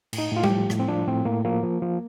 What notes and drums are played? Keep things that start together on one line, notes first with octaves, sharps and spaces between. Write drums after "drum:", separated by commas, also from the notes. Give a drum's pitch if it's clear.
A2, drum: cymbal
D#4
A2 F4
G4, drum: tom G3
F3
A2, drum: rim click
C4
F3 D4
A2 C4
A2 A#3
F3 A#3
F3
F3